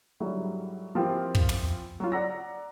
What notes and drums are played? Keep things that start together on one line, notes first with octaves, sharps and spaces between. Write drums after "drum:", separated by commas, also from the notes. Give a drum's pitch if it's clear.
G#2 D3 F#3 G3 E4
E3 F3 A#3 C4 F4 G4
drum: kick
drum: tom
F#3 F4
D5 F#5 A#5 E6 A#6